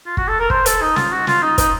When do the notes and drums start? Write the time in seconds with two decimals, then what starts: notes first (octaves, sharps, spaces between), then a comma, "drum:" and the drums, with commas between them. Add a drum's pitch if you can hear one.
0.06 F4
0.17 F#4, drum: kick
0.28 A4
0.39 A#4
0.50 C5, drum: kick
0.66 A4, drum: hi-hat
0.81 D#4
0.96 F4, drum: snare
1.12 F#4
1.27 F4, drum: snare
1.43 D#4
1.58 D#4, drum: kick, hi-hat